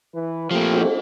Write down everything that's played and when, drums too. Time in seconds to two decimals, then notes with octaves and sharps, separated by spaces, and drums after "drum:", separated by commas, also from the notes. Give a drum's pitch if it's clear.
0.14 E3 B4
0.51 F3 A3 A#3 C4 G4
0.73 drum: cymbal